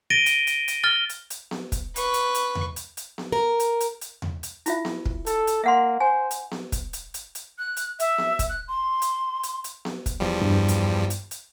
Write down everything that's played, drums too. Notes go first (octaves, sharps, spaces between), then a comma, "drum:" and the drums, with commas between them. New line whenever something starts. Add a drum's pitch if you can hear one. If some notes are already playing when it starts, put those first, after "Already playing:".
A6 A#6 D7 D#7 G7
drum: hi-hat
drum: hi-hat
drum: hi-hat
F6 A6 G7
drum: hi-hat
drum: hi-hat
drum: snare B3
drum: kick, hi-hat
B4 C#6, drum: hi-hat
drum: hi-hat
drum: hi-hat
drum: tom E2
drum: hi-hat
drum: hi-hat
drum: snare B3
A#4
drum: hi-hat
drum: hi-hat
drum: hi-hat
drum: tom E2
drum: hi-hat
E4 F4 E5, drum: hi-hat
drum: snare B3
drum: kick
A4, drum: hi-hat
drum: hi-hat
A#3 E5 F#5 C6
C5 G#5
drum: hi-hat
drum: snare B3
drum: kick, hi-hat
drum: hi-hat
drum: hi-hat
drum: hi-hat
F#6
drum: hi-hat
E5, drum: hi-hat
drum: snare B3
drum: kick, hi-hat
F#6
C6
drum: hi-hat
drum: hi-hat
drum: hi-hat
drum: snare B3
drum: kick, hi-hat
E2 F3 G3
G2
drum: hi-hat
drum: hi-hat
drum: hi-hat